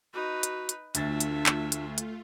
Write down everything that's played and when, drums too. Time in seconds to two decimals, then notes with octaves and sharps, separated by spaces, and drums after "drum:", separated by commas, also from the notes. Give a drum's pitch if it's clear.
0.14 D#4 F#4 B4
0.43 drum: hi-hat
0.69 drum: hi-hat
0.95 D2 A3 D4 F4 E5 A6, drum: hi-hat
1.20 drum: hi-hat
1.46 drum: clap
1.72 drum: hi-hat
1.98 drum: hi-hat